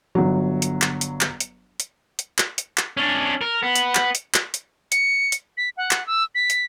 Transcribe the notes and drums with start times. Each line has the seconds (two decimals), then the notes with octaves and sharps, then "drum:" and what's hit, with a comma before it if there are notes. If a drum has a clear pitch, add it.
0.15 G1 F#3
0.62 drum: hi-hat
0.82 drum: clap
1.01 drum: hi-hat
1.21 drum: clap
1.40 drum: hi-hat
1.80 drum: hi-hat
2.19 drum: hi-hat
2.38 drum: clap
2.58 drum: hi-hat
2.78 drum: clap
2.97 C#4 D4
3.41 A#4
3.63 B3
3.76 drum: hi-hat
3.95 drum: clap
4.15 drum: hi-hat
4.34 drum: clap
4.54 drum: hi-hat
4.92 C#7, drum: hi-hat
5.32 drum: hi-hat
5.57 B6
5.77 F#5
5.91 drum: clap
6.07 E6
6.35 B6
6.50 drum: hi-hat